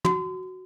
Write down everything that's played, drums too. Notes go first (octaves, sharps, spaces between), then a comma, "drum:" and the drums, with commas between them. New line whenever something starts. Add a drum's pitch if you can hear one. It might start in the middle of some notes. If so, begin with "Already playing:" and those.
F#4, drum: tom